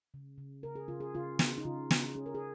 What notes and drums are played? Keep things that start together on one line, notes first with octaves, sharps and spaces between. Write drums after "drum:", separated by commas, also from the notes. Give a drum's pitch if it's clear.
C#3
C#3
C#3 A#4
G#4
C#3 F4
G#4
C#3 F4
C#3, drum: snare
D#4
C#3 F4
C#3, drum: snare
C#4 G#4
A#4
G#4